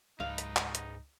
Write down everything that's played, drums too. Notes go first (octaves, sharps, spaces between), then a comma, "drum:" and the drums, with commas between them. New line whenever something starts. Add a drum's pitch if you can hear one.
C#2 G#2 D#4 B4 F5
drum: hi-hat
drum: clap
drum: hi-hat